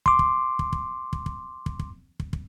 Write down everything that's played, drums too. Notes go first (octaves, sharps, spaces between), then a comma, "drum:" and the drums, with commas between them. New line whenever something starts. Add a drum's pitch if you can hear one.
C6 D6, drum: kick
drum: kick
drum: kick
drum: kick
drum: kick
drum: kick
drum: kick
drum: kick
drum: kick
drum: kick